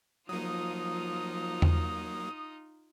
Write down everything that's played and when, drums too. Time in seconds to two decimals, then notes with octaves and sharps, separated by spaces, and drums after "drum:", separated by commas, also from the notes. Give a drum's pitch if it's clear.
0.29 F3 F#3 A#3 D#4 F4 D#6
1.62 drum: tom E2